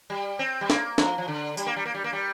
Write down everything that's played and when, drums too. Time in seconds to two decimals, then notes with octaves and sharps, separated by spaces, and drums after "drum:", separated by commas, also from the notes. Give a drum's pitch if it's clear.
0.10 G3
0.39 C4
0.61 G3
0.70 A#3, drum: snare
0.98 F3, drum: snare
1.18 F3
1.28 D3
1.57 G3, drum: tambourine
1.66 A#3
1.76 G3
1.85 A#3
1.94 G3
2.04 A#3
2.13 G3